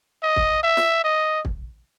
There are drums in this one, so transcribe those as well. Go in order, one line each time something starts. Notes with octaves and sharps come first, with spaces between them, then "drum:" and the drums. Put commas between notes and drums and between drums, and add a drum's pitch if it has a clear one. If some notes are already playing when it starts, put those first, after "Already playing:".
D#5
drum: kick
E5
drum: snare
D#5
drum: kick